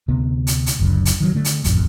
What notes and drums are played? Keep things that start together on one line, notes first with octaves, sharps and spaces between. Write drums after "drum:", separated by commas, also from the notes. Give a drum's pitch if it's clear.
D2 C3 B3
drum: hi-hat
drum: hi-hat
F#1 C#2 F#2 D3
drum: hi-hat
D#3 E3 F#3
D3 A3
drum: hi-hat
D#1 A1 F2 G#2, drum: hi-hat